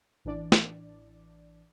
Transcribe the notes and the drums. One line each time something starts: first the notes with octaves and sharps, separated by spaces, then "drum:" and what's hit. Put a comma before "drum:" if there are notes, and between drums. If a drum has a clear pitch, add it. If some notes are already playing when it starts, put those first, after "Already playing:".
A1 E3 D4 D5
drum: snare